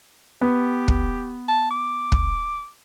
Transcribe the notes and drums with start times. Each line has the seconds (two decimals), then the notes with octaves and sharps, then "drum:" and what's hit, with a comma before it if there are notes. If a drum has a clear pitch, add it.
0.41 B3 G4
0.88 drum: kick
1.48 A5
1.70 D6
2.12 drum: kick